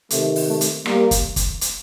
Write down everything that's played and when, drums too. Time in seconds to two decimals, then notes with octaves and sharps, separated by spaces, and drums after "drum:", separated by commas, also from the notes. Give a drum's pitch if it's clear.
0.10 C3 D#3 A3, drum: hi-hat
0.36 drum: open hi-hat
0.48 A3
0.61 drum: hi-hat
0.86 G3 A#3, drum: rim click
1.11 drum: kick, hi-hat
1.36 drum: kick, hi-hat
1.61 drum: hi-hat